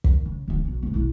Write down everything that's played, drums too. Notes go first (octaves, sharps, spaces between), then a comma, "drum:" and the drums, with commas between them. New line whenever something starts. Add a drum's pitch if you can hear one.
D#3, drum: kick
C#3
D1 D3
B1 F#3
C3 G#3
B1 E4